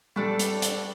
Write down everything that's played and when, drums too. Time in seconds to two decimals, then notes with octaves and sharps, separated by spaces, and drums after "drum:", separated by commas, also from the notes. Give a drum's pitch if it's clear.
0.16 G3 A3 D4 A4
0.39 drum: hi-hat
0.62 drum: hi-hat